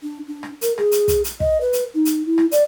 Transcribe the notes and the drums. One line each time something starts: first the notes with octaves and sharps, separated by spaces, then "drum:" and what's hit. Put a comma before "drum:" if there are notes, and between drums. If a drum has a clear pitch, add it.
D4
D4
drum: rim click
A#4, drum: hi-hat
G#4, drum: rim click
drum: hi-hat
drum: kick, hi-hat
drum: hi-hat
D#5, drum: kick
B4
drum: hi-hat
D#4
drum: hi-hat
E4
drum: rim click
D5, drum: hi-hat